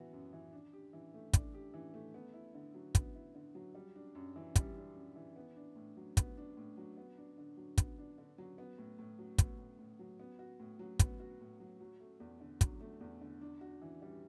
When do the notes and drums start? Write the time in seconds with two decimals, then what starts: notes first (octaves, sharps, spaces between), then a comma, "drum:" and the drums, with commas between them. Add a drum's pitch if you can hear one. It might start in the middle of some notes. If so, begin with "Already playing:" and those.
Already playing: E3 B3 F#4
0.13 F#2
0.33 E3
0.53 D4
0.73 G4
0.93 E3
1.14 A3
1.33 D4, drum: kick, hi-hat
1.54 G4
1.74 E3
1.94 A3
2.14 B3
2.34 E4
2.54 D3
2.74 F#3
2.95 B3, drum: kick, hi-hat
3.15 E4
3.35 D3
3.55 F#3
3.75 G3
3.95 D4
4.15 F#2
4.36 E3
4.56 G3, drum: kick, hi-hat
4.76 D4
4.96 F#2
5.16 E3
5.36 B3
5.56 D4
5.76 A2
5.97 F#3
6.17 B3, drum: kick, hi-hat
6.37 D4
6.57 A2
6.77 F#3
6.98 B3
7.18 D4
7.38 D3
7.57 F#3
7.78 B3, drum: kick, hi-hat
7.98 D4
8.18 D3
8.38 F#3
8.58 B3
8.78 A2
8.99 A2
9.19 F#3
9.38 B3, drum: kick, hi-hat
9.58 A2
9.79 A2
9.99 F#3
10.20 B3
10.39 F#4
10.60 A2
10.79 F#3
10.99 B3, drum: kick, hi-hat
11.20 F#4
11.41 A2
11.60 F#3
11.80 F#3
12.00 A3
12.20 E2
12.40 D3
12.61 F#3, drum: kick, hi-hat
12.80 A3
13.01 E2
13.21 D3
13.41 D4
13.61 F#4
13.82 E3
14.02 G3